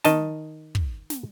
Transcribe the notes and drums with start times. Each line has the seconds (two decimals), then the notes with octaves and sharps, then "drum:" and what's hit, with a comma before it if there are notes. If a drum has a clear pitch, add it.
0.04 D#3 D#5 A5, drum: snare
0.75 drum: kick
1.10 drum: snare